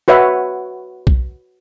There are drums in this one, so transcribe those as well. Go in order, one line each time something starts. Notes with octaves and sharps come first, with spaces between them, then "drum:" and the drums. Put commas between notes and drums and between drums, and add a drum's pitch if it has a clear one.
F#4 B4 C#5 E5 F#5
drum: kick B1